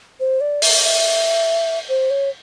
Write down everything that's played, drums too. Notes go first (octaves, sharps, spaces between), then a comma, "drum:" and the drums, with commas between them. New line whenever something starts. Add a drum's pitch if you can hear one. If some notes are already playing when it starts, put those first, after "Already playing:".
C5
D5
E5, drum: open hi-hat
E5
C5
C#5